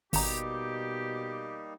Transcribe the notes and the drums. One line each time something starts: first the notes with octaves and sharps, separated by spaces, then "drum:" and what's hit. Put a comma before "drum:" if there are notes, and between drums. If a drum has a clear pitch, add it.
G#1 B2 G3 A#3 D#4 G4 A#5, drum: open hi-hat